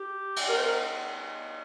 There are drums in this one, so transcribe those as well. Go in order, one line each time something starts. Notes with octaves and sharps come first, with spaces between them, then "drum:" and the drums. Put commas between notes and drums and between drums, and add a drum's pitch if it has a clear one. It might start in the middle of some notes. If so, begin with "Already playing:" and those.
Already playing: G4
drum: cymbal
A#4
C5
A#4